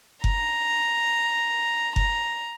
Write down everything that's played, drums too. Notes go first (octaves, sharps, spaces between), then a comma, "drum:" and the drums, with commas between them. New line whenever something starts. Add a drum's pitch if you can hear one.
A#5, drum: kick F#1
A#5, drum: kick F#1